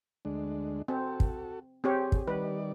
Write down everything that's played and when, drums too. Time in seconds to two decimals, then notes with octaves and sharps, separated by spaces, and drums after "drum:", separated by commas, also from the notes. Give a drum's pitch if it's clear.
0.25 D2 G#3 D4
0.88 C4 F#4 A4
1.20 drum: kick
1.84 C4 G4 G#4 C#5
2.12 drum: kick
2.28 D#3 G3 B4 D5